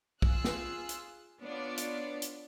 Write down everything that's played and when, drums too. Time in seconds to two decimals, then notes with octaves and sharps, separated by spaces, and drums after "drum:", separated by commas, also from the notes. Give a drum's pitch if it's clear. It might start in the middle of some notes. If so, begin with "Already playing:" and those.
0.22 F4 G#4 E6 F#6, drum: kick
0.45 drum: snare
0.89 drum: hi-hat
1.40 B3 D4 F4 C#5 D5
1.77 drum: hi-hat
2.22 drum: hi-hat